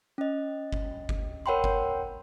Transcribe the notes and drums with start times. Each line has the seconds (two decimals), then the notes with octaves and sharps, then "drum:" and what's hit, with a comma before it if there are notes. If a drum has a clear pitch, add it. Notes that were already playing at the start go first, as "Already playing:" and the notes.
0.18 C#4 D#5
0.73 drum: kick G1
1.09 drum: kick G1
1.46 A#4 C#5 F#5 G5 B5 C6
1.64 drum: kick G1